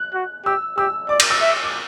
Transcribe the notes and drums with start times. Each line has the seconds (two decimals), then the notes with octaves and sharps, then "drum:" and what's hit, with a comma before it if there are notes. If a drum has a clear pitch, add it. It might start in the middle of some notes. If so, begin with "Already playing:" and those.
Already playing: F#6
0.14 F#4
0.46 G4 E6
0.78 G4 E6
1.09 D5 D6
1.20 D6, drum: cymbal
1.30 E6
1.42 E5
1.64 D6